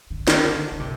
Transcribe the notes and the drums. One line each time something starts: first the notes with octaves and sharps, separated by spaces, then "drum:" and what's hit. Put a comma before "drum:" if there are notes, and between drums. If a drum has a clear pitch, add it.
D3
D#3, drum: snare
D3
D3
C3